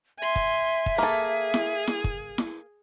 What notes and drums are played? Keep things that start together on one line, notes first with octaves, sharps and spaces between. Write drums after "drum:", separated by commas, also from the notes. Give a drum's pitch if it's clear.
E5 G#5 C6
drum: kick
drum: kick
A#3 G#4 A4
drum: snare E4
drum: snare E4
drum: kick
drum: snare E4